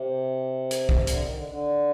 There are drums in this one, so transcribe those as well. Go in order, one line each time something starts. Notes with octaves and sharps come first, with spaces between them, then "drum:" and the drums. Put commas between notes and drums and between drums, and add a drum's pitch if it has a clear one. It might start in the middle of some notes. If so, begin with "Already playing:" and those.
Already playing: C3
drum: hi-hat
drum: kick B1
D3, drum: hi-hat
D#3
D3
D3